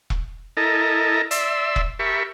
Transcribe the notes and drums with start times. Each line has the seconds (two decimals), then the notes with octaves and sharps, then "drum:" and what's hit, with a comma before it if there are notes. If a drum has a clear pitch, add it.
0.10 drum: kick E1
0.57 E4 A4 A#4 D#5 A5 A#5
1.31 D5 E5 C6 E6, drum: hi-hat
1.76 drum: kick E1
1.99 G4 A#4 E5 A5 B5 C#6